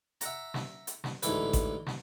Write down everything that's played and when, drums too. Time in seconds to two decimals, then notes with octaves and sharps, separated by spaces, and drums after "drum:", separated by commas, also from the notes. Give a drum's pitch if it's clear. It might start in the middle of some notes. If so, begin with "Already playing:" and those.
0.21 E5 F#5 A#5, drum: hi-hat
0.54 drum: snare
0.87 drum: hi-hat
1.04 drum: snare
1.23 A1 D2 G#2 E3 A4 B4, drum: hi-hat
1.53 drum: kick A1, hi-hat
1.86 drum: snare